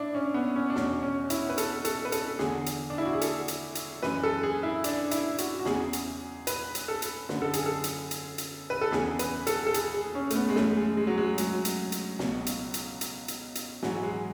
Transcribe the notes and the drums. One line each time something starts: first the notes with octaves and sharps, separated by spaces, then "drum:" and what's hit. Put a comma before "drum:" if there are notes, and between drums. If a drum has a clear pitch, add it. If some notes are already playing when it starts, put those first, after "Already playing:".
Already playing: D4 E4
C#4
B3
C#4
D4
E2 B2 C#4, drum: snare
C#4
E4, drum: hi-hat
B4
A4, drum: hi-hat
A4, drum: hi-hat
B4
A4, drum: hi-hat
E2 D3 G#4, drum: snare
drum: hi-hat
D4
E4
F#4
G#4
A4, drum: hi-hat
drum: hi-hat
drum: hi-hat
F#2 E3 B4, drum: snare
A4
G#4
E4
D4, drum: hi-hat
E4, drum: hi-hat
F#4, drum: hi-hat
F#4
E2 C#3 E3 G#4, drum: snare
drum: hi-hat
B4, drum: hi-hat
drum: hi-hat
A4
drum: hi-hat
F#2 D3 B4, drum: snare
A4
G#4, drum: hi-hat
A4
drum: hi-hat
drum: hi-hat
drum: hi-hat
B4
A4
E2 C#3 E3 G#4, drum: snare
B4, drum: hi-hat
A4, drum: hi-hat
A4
G#4, drum: hi-hat
G#4
C#4
A3, drum: hi-hat
B3
G#3
F#2 E3 A3, drum: snare
G#3
G#3
F#3
G#3
F#3, drum: hi-hat
drum: hi-hat
drum: hi-hat
C#2 B2, drum: snare
drum: hi-hat
drum: hi-hat
drum: hi-hat
drum: hi-hat
drum: hi-hat
G#2 E3 F#3, drum: snare
G#3